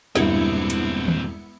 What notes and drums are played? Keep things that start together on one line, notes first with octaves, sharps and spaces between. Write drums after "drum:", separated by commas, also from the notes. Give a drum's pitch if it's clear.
E1 G2 A#2 B3 C4 E4 C#7, drum: snare
drum: hi-hat
drum: tom D#3